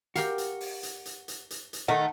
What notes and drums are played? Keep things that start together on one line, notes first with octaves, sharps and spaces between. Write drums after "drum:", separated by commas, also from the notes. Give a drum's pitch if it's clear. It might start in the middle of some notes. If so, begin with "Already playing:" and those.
F#4 G4 A#4 F5, drum: hi-hat
drum: hi-hat
drum: open hi-hat
drum: hi-hat
drum: hi-hat
drum: hi-hat
drum: hi-hat
drum: hi-hat
D#3 A3 D#4 A4 A#4 D#5 F#5